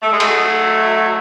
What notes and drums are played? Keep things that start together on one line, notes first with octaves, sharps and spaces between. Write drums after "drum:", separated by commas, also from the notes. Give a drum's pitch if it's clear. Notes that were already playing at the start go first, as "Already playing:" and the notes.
A3
G#3
F#3 A3, drum: cymbal